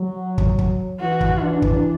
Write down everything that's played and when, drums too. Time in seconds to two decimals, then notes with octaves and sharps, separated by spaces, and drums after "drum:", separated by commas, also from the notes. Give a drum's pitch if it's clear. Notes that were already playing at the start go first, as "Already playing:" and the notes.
Already playing: F#3
0.38 drum: kick
0.59 drum: kick
1.00 E3 F#4
1.21 drum: kick
1.42 E3 D4
1.62 drum: kick